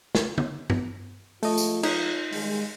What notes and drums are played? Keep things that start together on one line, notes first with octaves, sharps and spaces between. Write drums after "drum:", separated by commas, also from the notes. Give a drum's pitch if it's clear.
drum: snare
drum: tom
drum: tom G2
F3 G#3 A3 F4 D#5, drum: open hi-hat
drum: tambourine
D#4, drum: cymbal
D#3 G3 G#3, drum: open hi-hat